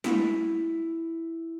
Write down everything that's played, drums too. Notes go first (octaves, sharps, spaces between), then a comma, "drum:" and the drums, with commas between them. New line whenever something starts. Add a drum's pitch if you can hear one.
E4, drum: snare